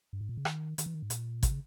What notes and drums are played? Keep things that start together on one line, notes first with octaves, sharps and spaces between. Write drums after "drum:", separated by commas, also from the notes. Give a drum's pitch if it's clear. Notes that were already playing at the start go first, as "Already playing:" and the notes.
G2
G#2
A#2
C#3
D#3, drum: rim click
D#3, drum: hi-hat
E3
D#3
G#2
A#2, drum: hi-hat
B2, drum: kick, hi-hat
C#3